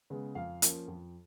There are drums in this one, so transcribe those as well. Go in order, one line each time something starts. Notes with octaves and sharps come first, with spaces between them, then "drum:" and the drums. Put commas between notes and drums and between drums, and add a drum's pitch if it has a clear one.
C#3 G#3 B3
F2 F5
F3 A#3 C#4, drum: hi-hat
F2